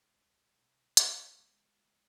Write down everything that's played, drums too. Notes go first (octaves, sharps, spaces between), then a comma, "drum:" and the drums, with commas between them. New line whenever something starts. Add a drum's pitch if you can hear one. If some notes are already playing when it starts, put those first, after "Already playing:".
Already playing: B2 G#3 B3
C#2
B2
B2
B2
C#3 A3 C#4, drum: hi-hat
C#3
A3
C#3 G#3 B3
C#3
C#3